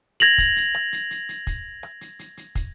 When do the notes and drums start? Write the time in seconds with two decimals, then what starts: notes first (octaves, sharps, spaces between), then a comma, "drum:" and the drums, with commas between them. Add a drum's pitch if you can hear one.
0.20 G#6 A#6 F7 F#7, drum: hi-hat
0.38 drum: kick, hi-hat
0.56 drum: hi-hat
0.74 drum: rim click
0.93 drum: hi-hat
1.11 drum: hi-hat
1.29 drum: hi-hat
1.47 drum: kick, hi-hat
1.83 drum: rim click
2.01 drum: hi-hat
2.19 drum: hi-hat
2.37 drum: hi-hat
2.55 drum: kick, hi-hat